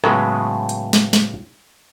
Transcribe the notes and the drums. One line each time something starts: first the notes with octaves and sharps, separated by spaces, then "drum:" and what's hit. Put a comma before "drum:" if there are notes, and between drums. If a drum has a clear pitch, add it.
A2 C#3 F#3 G#3 B3, drum: rim click
drum: hi-hat
drum: snare
drum: snare